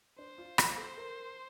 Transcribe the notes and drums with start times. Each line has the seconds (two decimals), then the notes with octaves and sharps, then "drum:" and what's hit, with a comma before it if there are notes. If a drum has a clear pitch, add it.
0.18 D4 C5
0.38 F4
0.58 F4, drum: rim click
0.78 A4
0.98 A#4